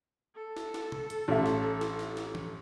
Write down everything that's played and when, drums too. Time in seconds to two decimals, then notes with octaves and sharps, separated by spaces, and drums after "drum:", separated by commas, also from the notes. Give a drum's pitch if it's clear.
0.36 A4
0.57 drum: snare
0.74 drum: snare
0.92 drum: tom
1.10 drum: hi-hat
1.28 A1 E5
1.46 drum: snare
1.81 drum: snare
1.99 drum: snare
2.17 drum: snare
2.35 drum: tom E3